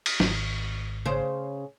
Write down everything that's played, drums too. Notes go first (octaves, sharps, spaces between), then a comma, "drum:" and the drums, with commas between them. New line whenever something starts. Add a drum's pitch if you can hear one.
drum: cymbal
G#1, drum: snare
C#3 C5